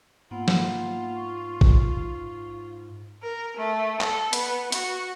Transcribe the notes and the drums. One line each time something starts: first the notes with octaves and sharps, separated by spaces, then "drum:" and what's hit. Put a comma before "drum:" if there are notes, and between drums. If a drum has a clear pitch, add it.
G#2 A#3 B3 F4 F#5
drum: snare
C#6
drum: kick
A#4
A3
A4, drum: clap
B3, drum: hi-hat
F#4, drum: hi-hat